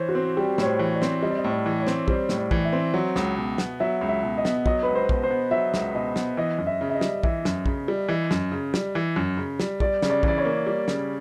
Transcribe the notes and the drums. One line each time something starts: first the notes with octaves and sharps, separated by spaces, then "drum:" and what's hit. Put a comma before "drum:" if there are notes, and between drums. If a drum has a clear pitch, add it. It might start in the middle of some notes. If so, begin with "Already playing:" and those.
Already playing: E3 C5 C#5
F#4
C4
G3 G4
A2 C#5, drum: snare
C5
E3
D5
C4, drum: snare
G3 D#5
D5
D#5
A2
D5
E3
C#5
C4, drum: snare
G3 C5, drum: kick A#1
A2, drum: snare
D5
E3, drum: kick A#1
E5
C4
F#3
C#2, drum: snare
B2
B3, drum: snare
F#3 E5
C#2
E5
B2
D#5
B3, drum: snare
F#3 D#5, drum: kick A#1
C#2 B4
C5
B2, drum: kick A#1
C5
B3
F#3 E5
C#2, drum: snare
B2 D#5
B3, drum: snare
E3 D#5
F#2
E5
C#3
E5
D#5
G3, drum: snare
E3 E5, drum: kick A#1
F#2, drum: snare
C#3, drum: kick A#1
G3
E3 D#5
F#2, drum: snare
C#3
G3, drum: snare
E3
F#2
C#3
G3, drum: snare
G3 D5, drum: kick A#1
C#3, drum: snare
D5
E3 D5, drum: kick A#1
C#5
A#3
G3
C#3, drum: snare